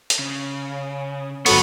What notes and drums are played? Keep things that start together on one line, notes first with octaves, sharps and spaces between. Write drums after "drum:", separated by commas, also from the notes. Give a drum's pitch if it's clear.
drum: hi-hat
C#3
G1 F#3 B3 A4 C#5 C#6, drum: open hi-hat